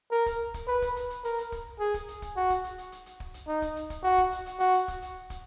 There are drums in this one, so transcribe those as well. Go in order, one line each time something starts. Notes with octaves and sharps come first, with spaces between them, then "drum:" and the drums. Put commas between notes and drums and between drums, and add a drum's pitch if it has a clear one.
A#4
drum: kick, hi-hat
drum: kick, hi-hat
B4
drum: kick, hi-hat
drum: hi-hat
drum: hi-hat
A#4, drum: hi-hat
drum: hi-hat
drum: kick, hi-hat
G#4
drum: kick, hi-hat
drum: hi-hat
drum: kick, hi-hat
F#4
drum: kick, hi-hat
drum: hi-hat
drum: hi-hat
drum: hi-hat
drum: hi-hat
drum: kick
drum: hi-hat
D#4
drum: kick, hi-hat
drum: hi-hat
drum: kick, hi-hat
F#4
drum: kick
drum: hi-hat
drum: hi-hat
F#4, drum: hi-hat
drum: hi-hat
drum: kick, hi-hat
drum: hi-hat
drum: kick, hi-hat